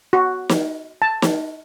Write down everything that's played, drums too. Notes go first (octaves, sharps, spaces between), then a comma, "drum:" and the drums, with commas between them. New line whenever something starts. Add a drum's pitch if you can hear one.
F#4
drum: snare
A5
drum: snare